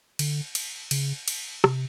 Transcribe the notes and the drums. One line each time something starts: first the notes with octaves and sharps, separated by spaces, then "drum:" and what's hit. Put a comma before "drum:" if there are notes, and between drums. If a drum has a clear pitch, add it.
D3, drum: cymbal
drum: cymbal
C#3, drum: cymbal
drum: cymbal
C3, drum: rim click